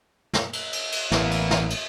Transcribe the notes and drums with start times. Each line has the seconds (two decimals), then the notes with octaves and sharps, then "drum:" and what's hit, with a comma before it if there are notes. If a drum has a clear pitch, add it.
0.33 drum: snare
0.53 drum: cymbal
0.73 drum: cymbal
0.92 drum: cymbal
1.12 A1 E3 A#3 B3 E4, drum: snare
1.31 drum: cymbal
1.51 drum: snare
1.70 drum: cymbal